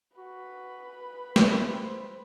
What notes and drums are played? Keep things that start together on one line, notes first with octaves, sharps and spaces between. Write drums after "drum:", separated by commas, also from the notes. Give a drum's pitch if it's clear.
F#4 B4 B5
A3, drum: snare
C5